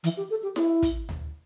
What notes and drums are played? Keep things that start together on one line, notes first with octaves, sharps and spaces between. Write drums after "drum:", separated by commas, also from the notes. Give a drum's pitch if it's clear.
E3, drum: hi-hat
G4
A4
G4
E4, drum: snare E4
drum: kick, hi-hat
drum: tom D2